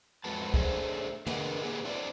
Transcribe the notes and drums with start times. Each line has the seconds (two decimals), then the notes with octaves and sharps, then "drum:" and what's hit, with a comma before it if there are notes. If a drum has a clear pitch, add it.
0.24 F2 F3 G#3 F#4 B4 A5
0.54 A3 D4 G#4 C5, drum: kick C2
1.26 D4 G#4 A#4 B4 D#5 F#5, drum: tom
1.62 A#3 E4 G4 G#4 B4
1.84 D4 E4 C5 D5